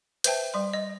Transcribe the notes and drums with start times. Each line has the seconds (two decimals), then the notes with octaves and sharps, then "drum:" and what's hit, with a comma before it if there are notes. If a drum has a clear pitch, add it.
0.24 B4 C5 E5 G5 A5, drum: hi-hat
0.54 G3 C6
0.73 D#5